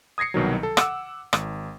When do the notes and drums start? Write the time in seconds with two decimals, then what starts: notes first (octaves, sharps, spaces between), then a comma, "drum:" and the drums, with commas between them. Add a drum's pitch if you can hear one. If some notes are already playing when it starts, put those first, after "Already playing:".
0.18 D#6 G#6 A#6 C7 C#7
0.34 C2 B2 D#3 F#3
0.63 A4
0.77 F#5 D6 E6, drum: rim click
1.33 G#1, drum: rim click